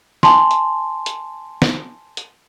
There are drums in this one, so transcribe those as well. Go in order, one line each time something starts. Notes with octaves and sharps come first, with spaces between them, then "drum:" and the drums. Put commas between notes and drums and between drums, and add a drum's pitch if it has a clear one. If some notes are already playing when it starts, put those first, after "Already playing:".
G#5 A5 C6, drum: snare
drum: hi-hat
drum: hi-hat
drum: snare
drum: hi-hat